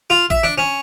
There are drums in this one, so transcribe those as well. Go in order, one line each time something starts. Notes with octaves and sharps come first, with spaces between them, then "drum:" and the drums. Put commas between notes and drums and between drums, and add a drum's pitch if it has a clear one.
F4
E5, drum: kick A1
D4
C#4